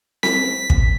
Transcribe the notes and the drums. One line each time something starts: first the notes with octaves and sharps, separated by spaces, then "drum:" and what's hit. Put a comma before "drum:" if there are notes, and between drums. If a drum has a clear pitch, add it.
B6, drum: snare C4
drum: kick